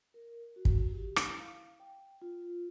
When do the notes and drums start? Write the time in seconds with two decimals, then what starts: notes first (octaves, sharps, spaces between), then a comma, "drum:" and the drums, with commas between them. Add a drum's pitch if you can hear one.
0.14 A#4
0.56 F#4
0.65 drum: kick
0.91 G4
1.16 E4, drum: rim click
1.39 F5
1.80 G5
2.22 F4